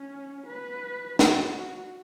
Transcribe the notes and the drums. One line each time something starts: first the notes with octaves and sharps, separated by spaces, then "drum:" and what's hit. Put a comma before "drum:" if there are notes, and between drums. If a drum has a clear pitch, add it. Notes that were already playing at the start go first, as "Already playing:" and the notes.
Already playing: C#4
B4
F#4, drum: snare